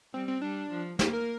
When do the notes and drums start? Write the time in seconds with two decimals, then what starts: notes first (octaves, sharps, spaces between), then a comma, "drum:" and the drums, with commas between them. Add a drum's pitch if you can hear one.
0.13 G3 C4
0.28 C4
0.41 G3 D4
0.70 F3
0.99 A#3 G4, drum: snare
1.13 A#4